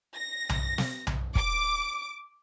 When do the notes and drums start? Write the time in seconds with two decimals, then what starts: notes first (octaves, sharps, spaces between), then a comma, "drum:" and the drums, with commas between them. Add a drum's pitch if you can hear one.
0.16 A#6
0.49 drum: tom B1
0.78 drum: snare
1.07 drum: tom B1
1.35 D6, drum: kick